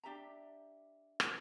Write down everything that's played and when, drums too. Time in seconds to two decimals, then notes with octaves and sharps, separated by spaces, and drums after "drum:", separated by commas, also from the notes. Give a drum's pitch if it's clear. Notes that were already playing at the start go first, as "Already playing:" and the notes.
0.04 D4 G4 E5 A#5
1.20 drum: rim click